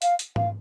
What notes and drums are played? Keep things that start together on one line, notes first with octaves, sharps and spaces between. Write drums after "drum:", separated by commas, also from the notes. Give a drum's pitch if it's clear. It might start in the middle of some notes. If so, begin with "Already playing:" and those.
F5, drum: hi-hat
drum: hi-hat
F5, drum: tom G#2